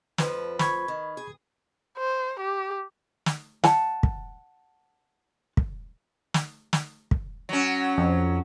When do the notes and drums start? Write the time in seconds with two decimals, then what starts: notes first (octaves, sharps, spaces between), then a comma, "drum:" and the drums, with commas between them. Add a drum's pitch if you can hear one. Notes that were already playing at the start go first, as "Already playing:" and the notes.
0.18 F2 F3 B4, drum: snare
0.59 B5 C#6 G#6, drum: snare
0.88 D#3
1.17 G#4
1.98 C5
2.40 G4
3.26 drum: snare
3.64 F#5 A5, drum: snare
4.03 drum: kick
5.57 drum: kick
6.34 drum: snare
6.73 drum: snare
7.11 drum: kick
7.49 F#3 C#4
7.98 F2